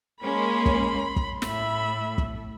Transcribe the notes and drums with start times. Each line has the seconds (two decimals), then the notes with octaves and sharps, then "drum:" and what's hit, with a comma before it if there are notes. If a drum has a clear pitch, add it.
0.22 G#3 A#3 C#4 B5 C6
0.66 drum: kick
1.16 drum: kick
1.42 A2 E5 B5, drum: snare
2.18 drum: kick